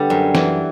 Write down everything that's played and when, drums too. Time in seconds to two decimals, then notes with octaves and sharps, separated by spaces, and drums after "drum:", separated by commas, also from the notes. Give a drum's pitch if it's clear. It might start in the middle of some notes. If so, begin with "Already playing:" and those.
Already playing: D3 G3 B3
0.10 F#2
0.35 E3, drum: snare